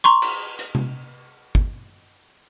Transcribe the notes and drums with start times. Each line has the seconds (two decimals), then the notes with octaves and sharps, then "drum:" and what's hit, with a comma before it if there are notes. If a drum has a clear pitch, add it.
0.04 A#5 C6 C#6
0.22 drum: cymbal
0.59 drum: hi-hat
0.75 drum: tom C3
1.55 drum: kick